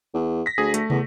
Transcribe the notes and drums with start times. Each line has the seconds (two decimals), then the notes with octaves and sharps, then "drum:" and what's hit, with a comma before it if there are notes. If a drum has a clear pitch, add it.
0.14 E2
0.46 A#6 B6
0.58 D2 G#4
0.74 A3, drum: hi-hat
0.90 E2, drum: tom